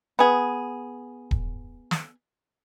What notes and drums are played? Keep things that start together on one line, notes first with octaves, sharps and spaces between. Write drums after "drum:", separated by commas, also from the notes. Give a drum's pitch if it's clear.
B3 G#4
drum: kick D#1
drum: snare